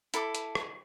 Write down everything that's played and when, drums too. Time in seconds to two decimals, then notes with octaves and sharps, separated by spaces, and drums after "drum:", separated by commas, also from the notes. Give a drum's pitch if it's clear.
0.14 E4 A4 B5 D6, drum: hi-hat
0.35 drum: hi-hat
0.55 drum: rim click